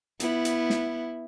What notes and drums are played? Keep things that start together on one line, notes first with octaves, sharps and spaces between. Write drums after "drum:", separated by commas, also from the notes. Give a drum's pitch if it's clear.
B3 E4, drum: hi-hat
drum: hi-hat
drum: snare